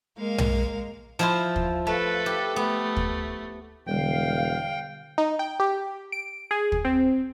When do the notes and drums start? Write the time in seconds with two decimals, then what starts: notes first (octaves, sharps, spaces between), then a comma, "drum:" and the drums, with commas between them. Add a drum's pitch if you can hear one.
0.17 G#3 A#3 A#4 F5
0.38 drum: tom B1
1.19 F3 E4 F4
1.56 drum: kick
1.87 A3 A4 B4
2.26 G4
2.56 A3 B3
2.96 drum: kick
3.87 E1 D3 G3 F5 G5
5.18 D#4
5.39 G5
5.60 G4
6.12 D7
6.51 G#4
6.72 drum: kick
6.85 C4